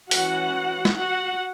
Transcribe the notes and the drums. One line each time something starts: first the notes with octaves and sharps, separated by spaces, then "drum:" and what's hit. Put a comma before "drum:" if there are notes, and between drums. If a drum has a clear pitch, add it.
E3 C#4 F#4 F#5, drum: open hi-hat
drum: snare
F#4 F#5